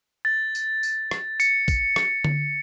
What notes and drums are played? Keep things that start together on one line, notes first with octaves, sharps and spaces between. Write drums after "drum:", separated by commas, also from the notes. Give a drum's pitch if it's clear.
A6
drum: tambourine
drum: tambourine
drum: rim click
C#7, drum: tambourine
drum: kick, tambourine
drum: rim click
drum: tom D3